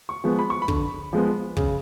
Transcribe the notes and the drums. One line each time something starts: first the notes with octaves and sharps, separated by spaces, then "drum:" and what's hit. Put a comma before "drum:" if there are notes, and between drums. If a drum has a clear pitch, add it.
C#6
F3 G#3 B3
B5
C#6
B5
D3, drum: kick
F3 G#3 B3
C#3, drum: kick